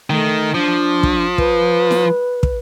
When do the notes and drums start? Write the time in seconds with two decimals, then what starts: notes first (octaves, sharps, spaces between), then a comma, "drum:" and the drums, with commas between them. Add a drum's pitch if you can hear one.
0.10 D#3 A3
0.54 F3 D4
1.03 drum: kick
1.38 B4, drum: kick
1.91 drum: snare E4
2.43 drum: kick